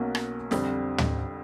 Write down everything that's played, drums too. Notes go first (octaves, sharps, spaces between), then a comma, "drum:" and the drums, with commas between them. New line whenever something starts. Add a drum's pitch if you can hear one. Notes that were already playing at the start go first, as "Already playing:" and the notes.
Already playing: B1 B2 F#3 A#3 C#4
drum: rim click
F2 D3 G3 C4, drum: snare
drum: tom